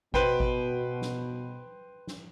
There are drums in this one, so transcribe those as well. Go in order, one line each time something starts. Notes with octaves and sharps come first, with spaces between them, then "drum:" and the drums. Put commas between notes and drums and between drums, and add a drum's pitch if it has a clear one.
B2 B4 C5 G5, drum: kick G#1
drum: kick G#1
drum: snare
drum: snare